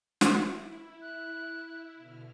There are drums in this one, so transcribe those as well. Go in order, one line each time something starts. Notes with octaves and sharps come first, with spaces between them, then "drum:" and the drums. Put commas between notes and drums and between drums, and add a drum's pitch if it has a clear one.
E4, drum: snare
F#6
E4
B2 D3 F6